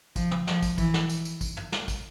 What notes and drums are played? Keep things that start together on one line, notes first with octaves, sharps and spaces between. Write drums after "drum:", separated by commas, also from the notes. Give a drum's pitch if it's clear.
F3, drum: kick, tambourine
drum: tom
F3, drum: snare
drum: kick, tambourine
E3, drum: kick, tambourine
drum: snare
drum: tambourine
drum: tambourine
drum: kick, tambourine
drum: tom
drum: snare
drum: kick, tambourine